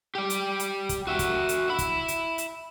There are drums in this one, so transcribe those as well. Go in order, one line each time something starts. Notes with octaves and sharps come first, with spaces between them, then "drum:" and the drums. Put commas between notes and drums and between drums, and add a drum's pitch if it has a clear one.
G4 D5
drum: hi-hat
drum: hi-hat
drum: kick, hi-hat
F#4 E5
drum: kick, hi-hat
drum: hi-hat
E5 B5
drum: kick, hi-hat
drum: hi-hat
drum: hi-hat